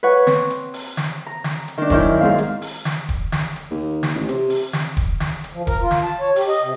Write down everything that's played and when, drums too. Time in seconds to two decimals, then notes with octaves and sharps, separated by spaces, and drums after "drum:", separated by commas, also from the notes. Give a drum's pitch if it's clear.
0.03 B4 C#5 F#5
0.27 C4, drum: snare
0.50 drum: hi-hat
0.74 drum: open hi-hat
0.97 drum: snare
1.27 A#5
1.44 drum: snare
1.68 drum: hi-hat
1.78 D#3 D4
1.90 F#2 D#3 E4 G6, drum: kick E1, hi-hat
2.21 G#2 C4 F5
2.38 drum: hi-hat
2.62 drum: open hi-hat
2.85 drum: snare
3.09 drum: kick E1, hi-hat
3.32 drum: snare
3.56 drum: hi-hat
3.71 D#2
4.03 drum: snare
4.15 A1
4.28 C3, drum: hi-hat
4.50 drum: open hi-hat
4.73 drum: snare
4.97 drum: kick E1, hi-hat
5.20 drum: snare
5.44 drum: hi-hat
5.53 F3
5.67 A#4, drum: kick E1, hi-hat
5.82 F4
5.91 drum: snare
6.03 A5
6.20 C#5
6.36 G4, drum: open hi-hat
6.48 D#5
6.62 C3